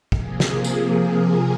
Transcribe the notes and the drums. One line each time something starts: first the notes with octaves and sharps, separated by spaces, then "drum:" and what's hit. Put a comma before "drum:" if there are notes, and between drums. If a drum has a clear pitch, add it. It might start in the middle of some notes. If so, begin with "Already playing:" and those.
C3 F3 A#3 G#4, drum: kick
drum: snare
G#4
drum: tambourine
A#4